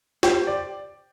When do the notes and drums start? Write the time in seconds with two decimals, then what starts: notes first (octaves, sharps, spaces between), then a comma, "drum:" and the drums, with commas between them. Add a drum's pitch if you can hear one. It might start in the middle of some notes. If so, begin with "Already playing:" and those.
0.23 G4 C5, drum: snare
0.47 D5